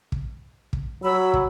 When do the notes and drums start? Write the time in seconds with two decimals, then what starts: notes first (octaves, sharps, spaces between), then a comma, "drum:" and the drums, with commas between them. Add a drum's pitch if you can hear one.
0.12 drum: kick
0.73 drum: kick
1.03 F#3 B5 E6
1.34 drum: kick